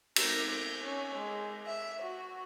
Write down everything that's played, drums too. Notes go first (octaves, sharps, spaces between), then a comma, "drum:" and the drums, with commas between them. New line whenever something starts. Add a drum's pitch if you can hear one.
A#4, drum: cymbal
G6
C#4
G#3
E5
F#4